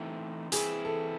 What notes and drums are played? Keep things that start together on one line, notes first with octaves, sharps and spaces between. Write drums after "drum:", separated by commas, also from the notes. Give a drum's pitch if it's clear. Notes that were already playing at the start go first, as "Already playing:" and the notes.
Already playing: E3 A3 C4 D#4
E3 C4 E4 G#4, drum: hi-hat
A4